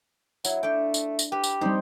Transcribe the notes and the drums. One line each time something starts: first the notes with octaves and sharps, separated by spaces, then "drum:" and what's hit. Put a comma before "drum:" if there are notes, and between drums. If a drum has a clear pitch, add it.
F#3 E4, drum: tambourine
A3 D4 G5
drum: tambourine
drum: tambourine
G4 B4
drum: tambourine
G3 C4 D#4 C5